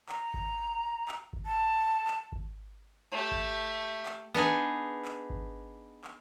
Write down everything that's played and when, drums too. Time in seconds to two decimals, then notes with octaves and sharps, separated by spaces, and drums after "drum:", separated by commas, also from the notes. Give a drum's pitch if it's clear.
0.09 A#5, drum: clap
0.34 drum: kick G#1
1.08 drum: clap
1.33 drum: kick G#1
1.46 A5
2.07 drum: clap
2.32 drum: kick G#1
3.11 A3 G4
3.31 drum: kick G#1
4.06 drum: clap
4.34 B3 D4 D#4 G#4
5.05 drum: clap
5.30 drum: kick G#1
6.04 drum: clap